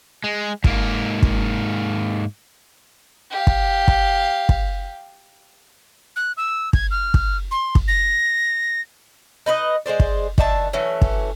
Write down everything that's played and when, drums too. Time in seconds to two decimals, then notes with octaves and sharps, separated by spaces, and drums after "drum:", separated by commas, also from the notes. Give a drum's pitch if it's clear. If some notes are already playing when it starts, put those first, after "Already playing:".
0.24 G#3
0.64 G#2 A#3, drum: kick
1.23 drum: kick
3.31 G4 F5
3.47 drum: kick
3.88 drum: kick
4.49 drum: kick
6.16 F#6
6.37 E6
6.73 G#6, drum: kick
6.91 F6
7.14 drum: kick
7.51 C6
7.75 drum: kick
7.88 A#6
9.46 D#4 B4 D5 D#5
9.86 G#3 G#4 C5 D5
10.00 drum: kick
10.38 D#3 D4 E5 A5, drum: kick
10.73 E3 F#3 A3 C#4
11.02 drum: kick